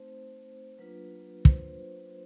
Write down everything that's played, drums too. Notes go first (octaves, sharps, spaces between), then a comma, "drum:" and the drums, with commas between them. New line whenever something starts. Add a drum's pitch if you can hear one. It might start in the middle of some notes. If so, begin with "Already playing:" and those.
Already playing: A3 C4 D#4 C5
F#3 A#3 D4 F4 B4
C5, drum: kick